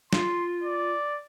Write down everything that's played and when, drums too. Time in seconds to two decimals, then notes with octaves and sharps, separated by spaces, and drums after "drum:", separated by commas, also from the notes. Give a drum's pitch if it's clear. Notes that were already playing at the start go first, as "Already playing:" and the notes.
0.13 F4 C6, drum: snare
0.63 D5